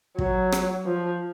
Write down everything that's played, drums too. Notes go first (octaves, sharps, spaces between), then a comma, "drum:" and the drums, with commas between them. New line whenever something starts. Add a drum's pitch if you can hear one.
F#3, drum: kick
drum: rim click
F3